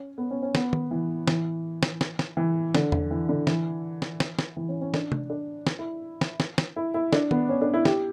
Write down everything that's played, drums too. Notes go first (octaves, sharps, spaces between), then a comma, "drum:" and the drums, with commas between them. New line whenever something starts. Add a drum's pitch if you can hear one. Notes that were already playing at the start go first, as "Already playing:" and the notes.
Already playing: C#4
B3
C#4
C#4
B3, drum: snare
drum: tom
E3
E3, drum: snare
drum: snare
drum: snare
drum: snare
E3
D3, drum: snare
drum: tom E2
E3
D3
E3, drum: snare
drum: snare
drum: snare
drum: snare
E3
C#4
C#4
D4, drum: snare
drum: tom C3
D4
drum: snare
E4
drum: snare
drum: snare
drum: snare
E4
E4
D4, drum: snare
B3, drum: tom
C#4
D4
E4
G4, drum: snare